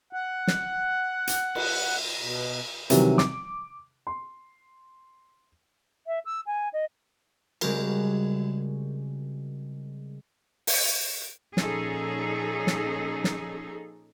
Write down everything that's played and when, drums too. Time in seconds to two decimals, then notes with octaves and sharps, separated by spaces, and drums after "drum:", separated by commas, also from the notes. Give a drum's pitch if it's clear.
0.13 F#5
0.47 drum: snare
1.27 drum: hi-hat
1.55 drum: cymbal
2.21 B2
2.90 C3 D#3 E3 F#3 G3, drum: hi-hat
3.18 D6, drum: snare
4.07 C6
6.06 E5
6.25 E6
6.46 G#5
6.73 D#5
7.61 C#3 G3 G#3 C4 F#4 A#4, drum: cymbal
10.67 drum: open hi-hat
11.57 A#2 F3 C#4 D#4 G#4 A4, drum: snare
12.67 drum: snare
13.24 drum: snare